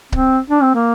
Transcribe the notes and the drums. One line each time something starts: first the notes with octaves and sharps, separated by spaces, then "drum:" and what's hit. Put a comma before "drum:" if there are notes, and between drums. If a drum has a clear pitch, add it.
C4, drum: kick C#1
D4
C4
A#3